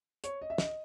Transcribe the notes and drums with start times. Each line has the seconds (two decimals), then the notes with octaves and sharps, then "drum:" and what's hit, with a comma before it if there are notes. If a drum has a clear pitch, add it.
0.24 C#5, drum: hi-hat
0.42 D#5
0.50 E5
0.58 D#5, drum: snare